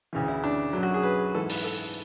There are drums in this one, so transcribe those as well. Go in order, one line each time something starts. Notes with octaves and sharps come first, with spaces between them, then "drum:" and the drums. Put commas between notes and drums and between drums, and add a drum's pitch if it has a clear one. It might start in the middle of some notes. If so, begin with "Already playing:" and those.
D2 C#3 E3
E4
D4
F#2 D3 F#3
F#4
G#4
B4
G#2 E3 A4
B4, drum: open hi-hat
A4